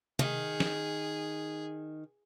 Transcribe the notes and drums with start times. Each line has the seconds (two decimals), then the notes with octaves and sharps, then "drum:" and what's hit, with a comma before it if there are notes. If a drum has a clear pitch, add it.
0.19 D#3 G#4, drum: tom C3
0.60 drum: snare